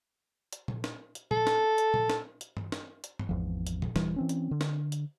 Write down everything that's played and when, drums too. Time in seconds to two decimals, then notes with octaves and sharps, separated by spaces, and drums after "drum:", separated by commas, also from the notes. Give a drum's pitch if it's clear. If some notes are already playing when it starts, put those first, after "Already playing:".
0.53 drum: hi-hat
0.68 drum: tom A#2
0.84 drum: snare
1.15 drum: hi-hat
1.31 A4, drum: tom A#2
1.47 drum: snare
1.78 drum: hi-hat
1.94 drum: tom A#2
2.10 drum: snare
2.41 drum: hi-hat
2.57 drum: tom G2
2.72 drum: snare
3.04 drum: hi-hat
3.19 drum: tom G2
3.29 G#1 E2 F3
3.67 drum: hi-hat
3.82 drum: tom A#2
3.96 D#1 E3 G3, drum: snare
4.16 E3 C4 C#4
4.29 drum: hi-hat
4.51 D3
4.61 drum: snare
4.92 drum: hi-hat